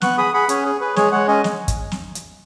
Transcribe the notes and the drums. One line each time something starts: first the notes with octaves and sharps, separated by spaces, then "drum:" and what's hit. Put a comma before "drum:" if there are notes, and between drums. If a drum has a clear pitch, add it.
B3 C#6 F#6, drum: snare
G#4 B5 D#6
G#4 F#5 B5
C#4 G#4 C#5, drum: hi-hat
G#4
G#4 B4
G#3 G#4 C#5, drum: snare
G#3 C#5 F#5
C#4 D#5 G#5
drum: snare
drum: kick, hi-hat
drum: snare
drum: hi-hat